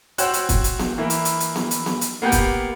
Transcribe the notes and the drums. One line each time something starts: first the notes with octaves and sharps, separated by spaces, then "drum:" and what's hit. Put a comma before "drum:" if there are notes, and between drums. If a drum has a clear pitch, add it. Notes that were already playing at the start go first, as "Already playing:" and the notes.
F#4 C5 C#5 G5 E6 F#6, drum: hi-hat
drum: hi-hat
drum: kick, hi-hat
drum: hi-hat
drum: snare B3
E3 A#3 E4
drum: hi-hat
drum: hi-hat
drum: hi-hat
drum: snare B3
drum: hi-hat
drum: snare B3
drum: hi-hat
A#3 B3 G4 G5 G6
drum: kick, hi-hat